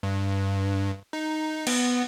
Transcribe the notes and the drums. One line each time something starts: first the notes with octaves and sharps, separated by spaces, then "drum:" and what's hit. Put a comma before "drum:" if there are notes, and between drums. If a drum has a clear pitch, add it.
G2
D#4
B3, drum: cymbal